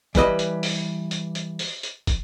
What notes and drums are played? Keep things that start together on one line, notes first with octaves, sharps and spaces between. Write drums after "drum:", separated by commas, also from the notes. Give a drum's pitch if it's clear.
E3 G3 B4 D#5, drum: kick, hi-hat
drum: hi-hat
drum: open hi-hat
drum: hi-hat
drum: hi-hat
drum: open hi-hat
drum: hi-hat
drum: kick, hi-hat